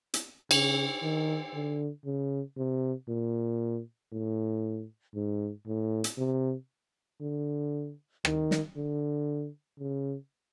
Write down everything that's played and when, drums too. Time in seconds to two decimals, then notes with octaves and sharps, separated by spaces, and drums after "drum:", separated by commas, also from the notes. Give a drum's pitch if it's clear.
0.14 drum: hi-hat
0.51 C#3, drum: cymbal
1.03 D#3
1.54 D3
2.05 C#3
2.57 C3
3.08 A#2
4.12 A2
5.15 G#2
5.67 A2
6.04 drum: hi-hat
6.18 C3
7.21 D3
8.25 D#3, drum: rim click
8.51 drum: snare
8.76 D3
9.79 C#3